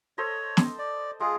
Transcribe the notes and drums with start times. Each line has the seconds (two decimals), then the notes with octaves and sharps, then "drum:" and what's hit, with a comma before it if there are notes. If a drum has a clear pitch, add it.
0.18 A4 C5 C#5 D#5
0.57 drum: snare
0.79 D5
1.20 G#3 F4 G#4